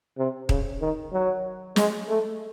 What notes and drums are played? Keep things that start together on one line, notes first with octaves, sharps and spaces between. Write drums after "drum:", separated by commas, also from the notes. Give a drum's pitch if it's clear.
C3
C#3, drum: kick D#1
D#3
F#3
G#3, drum: snare
A3